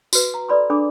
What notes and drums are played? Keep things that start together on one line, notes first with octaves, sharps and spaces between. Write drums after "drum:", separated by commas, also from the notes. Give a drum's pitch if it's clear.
F#4 B4, drum: tambourine
A#5
A4 B4 D5 B5 C6
D4 G#4 A4 B5 D6